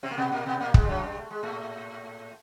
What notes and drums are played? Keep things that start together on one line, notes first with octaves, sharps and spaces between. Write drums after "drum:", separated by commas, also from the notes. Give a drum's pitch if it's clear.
C3 C4
A#3
B2 B3
A#2 A#3
B2 B3
A#2 A#3
G#2 G#3, drum: kick
G3
F#2 F#3
G2 G3
A3
G#3
A2 A3